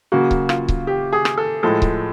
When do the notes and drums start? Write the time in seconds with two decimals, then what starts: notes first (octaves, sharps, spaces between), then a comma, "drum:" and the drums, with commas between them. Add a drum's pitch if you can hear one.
0.12 C#3 F#3 A#3 F#4
0.31 drum: kick C#1
0.49 F4, drum: rim click
0.68 drum: kick C#1
0.87 G4
1.13 G#4
1.25 drum: rim click
1.38 A4
1.63 A2 F3 G#3 A4
1.82 drum: kick C#1